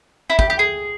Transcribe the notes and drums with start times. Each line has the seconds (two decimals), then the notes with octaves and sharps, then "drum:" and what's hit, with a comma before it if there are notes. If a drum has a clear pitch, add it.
0.30 E4
0.39 G4, drum: kick
0.50 G4
0.59 G#4